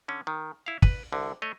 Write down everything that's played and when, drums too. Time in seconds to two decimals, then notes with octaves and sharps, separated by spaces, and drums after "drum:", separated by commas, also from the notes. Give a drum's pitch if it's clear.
0.08 D3 C#4
0.27 D#3
0.66 E4 F5
0.82 B4, drum: kick
1.12 C2 D3
1.42 A3 C#5 D#5